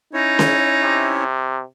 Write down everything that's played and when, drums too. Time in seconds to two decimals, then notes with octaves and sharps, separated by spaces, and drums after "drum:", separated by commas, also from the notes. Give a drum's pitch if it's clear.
0.13 C#4 D#4 E4 C#5
0.39 drum: snare C#4
0.83 C3